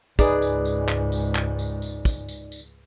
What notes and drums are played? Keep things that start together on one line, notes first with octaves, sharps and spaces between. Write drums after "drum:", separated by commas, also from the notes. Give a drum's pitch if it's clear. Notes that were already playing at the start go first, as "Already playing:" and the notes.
C#2 G#2 D#4 G#4 B4 D5, drum: kick, tambourine
drum: tambourine
drum: tambourine
drum: clap
drum: tambourine
drum: clap
drum: tambourine
drum: tambourine
drum: kick, tambourine
drum: tambourine
drum: tambourine